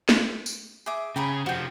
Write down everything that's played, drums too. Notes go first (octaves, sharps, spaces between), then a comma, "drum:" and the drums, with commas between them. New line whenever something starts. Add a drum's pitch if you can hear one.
drum: snare
drum: tambourine
G#4 E5 D6
C#3 G#4 G5 A#5 B5
C3 F3 F#4 G5